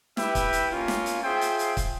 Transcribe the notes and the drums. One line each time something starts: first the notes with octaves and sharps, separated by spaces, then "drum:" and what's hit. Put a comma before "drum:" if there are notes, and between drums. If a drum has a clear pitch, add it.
E4 G4 B4 E5 G5, drum: snare
drum: kick, hi-hat
drum: hi-hat
A#3 C#4 F4
drum: snare
drum: hi-hat
F4 G#4 C5 E5 G5
drum: hi-hat
drum: hi-hat
drum: kick, hi-hat